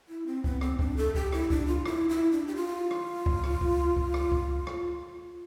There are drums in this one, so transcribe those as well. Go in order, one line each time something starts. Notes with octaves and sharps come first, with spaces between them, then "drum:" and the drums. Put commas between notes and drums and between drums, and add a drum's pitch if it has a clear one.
E4
C4
B3, drum: kick C#2
C4, drum: rim click
D4, drum: kick C#2
A4
G4, drum: kick C#2
E4, drum: rim click
D4, drum: kick C#2
F4
E4, drum: rim click
E4
D4
G4
F4
drum: rim click
drum: kick C#2
drum: rim click
drum: kick C#2
drum: kick C#2
drum: rim click
drum: kick C#2
drum: rim click